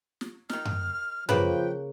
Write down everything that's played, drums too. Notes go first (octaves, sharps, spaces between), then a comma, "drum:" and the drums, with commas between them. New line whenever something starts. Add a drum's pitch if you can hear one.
drum: snare
D#3 D#4 F6, drum: snare
drum: tom F#2
C#3 F3 A#3 G4 B4 G5, drum: tom F#2